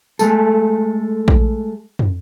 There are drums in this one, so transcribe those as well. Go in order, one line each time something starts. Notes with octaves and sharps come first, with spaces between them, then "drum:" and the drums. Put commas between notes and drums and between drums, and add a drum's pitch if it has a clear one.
G#3 A3 A4, drum: tambourine
drum: kick A#1
drum: tom